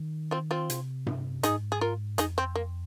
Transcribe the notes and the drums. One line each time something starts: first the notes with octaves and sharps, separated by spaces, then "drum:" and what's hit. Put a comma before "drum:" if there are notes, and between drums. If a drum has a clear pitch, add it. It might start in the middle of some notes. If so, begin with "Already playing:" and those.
Already playing: D#3
C4 F4
C4 F4
C3, drum: hi-hat
drum: tom G2
G#2 D#4 G#4, drum: hi-hat
G#4
F4 A#4
F2 D#4 G#4, drum: hi-hat
C4
A#3